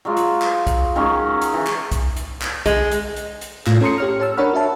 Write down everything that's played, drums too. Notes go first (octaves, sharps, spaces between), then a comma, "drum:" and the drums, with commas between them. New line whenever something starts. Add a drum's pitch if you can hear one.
F#3 G#3 F4
drum: hi-hat
drum: clap
drum: kick B1, hi-hat
D#3 F#3 G#3 C#4
drum: hi-hat
E3
drum: clap
drum: kick B1, hi-hat
drum: hi-hat
drum: clap
G#3, drum: kick B1, hi-hat
drum: hi-hat
drum: hi-hat
drum: hi-hat
A2 F4 A#6, drum: clap
C#4 A4 A#5 C6 D#6 C#7
G4 C#5 F6
C#5 A5 E6
D4 A#4 C#5 F#5 B5 F6
F#4 C#5 E5 A5